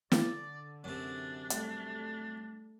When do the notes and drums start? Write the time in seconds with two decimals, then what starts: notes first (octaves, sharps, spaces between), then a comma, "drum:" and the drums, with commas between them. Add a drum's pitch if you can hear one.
0.12 D3 D5, drum: snare
0.84 F#2 C3 D4
1.50 G3 A3, drum: hi-hat